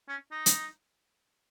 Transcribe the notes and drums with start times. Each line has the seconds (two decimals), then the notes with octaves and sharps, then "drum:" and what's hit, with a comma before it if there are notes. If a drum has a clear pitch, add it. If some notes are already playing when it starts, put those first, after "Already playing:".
0.09 C#4
0.31 D#4
0.46 drum: hi-hat